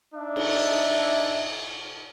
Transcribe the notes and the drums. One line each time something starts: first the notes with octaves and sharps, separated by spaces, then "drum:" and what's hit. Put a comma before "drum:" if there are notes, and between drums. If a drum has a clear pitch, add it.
D4 D#4 E5
drum: cymbal